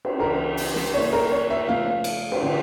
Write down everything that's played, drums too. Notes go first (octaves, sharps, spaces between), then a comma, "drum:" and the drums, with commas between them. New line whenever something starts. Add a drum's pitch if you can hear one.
drum: cymbal
C#2 C#3 E3 A#4
drum: open hi-hat
drum: snare
C#3 G3 A#3 E4 A4 C#5
A#4
C#5
E5
C#3 F3 A3 C#4 F5
drum: cymbal
drum: cymbal
D3 F3